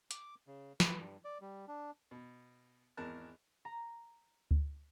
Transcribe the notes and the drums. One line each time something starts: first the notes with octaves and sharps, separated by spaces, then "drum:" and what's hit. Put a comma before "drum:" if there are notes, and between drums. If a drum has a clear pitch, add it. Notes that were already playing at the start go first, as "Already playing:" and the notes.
D6, drum: hi-hat
C#3
B4, drum: snare
G2
D5
G3
D4
B2
G#1 E2 A#4 A5 F#6
A#5
drum: kick D2